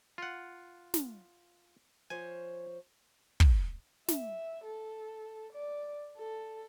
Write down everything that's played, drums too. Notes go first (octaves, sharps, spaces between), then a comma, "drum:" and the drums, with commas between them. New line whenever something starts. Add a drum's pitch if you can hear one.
F4 F#5
drum: snare
F3 C5 C#5 G#5
drum: kick
E5, drum: snare
A4
D5
A4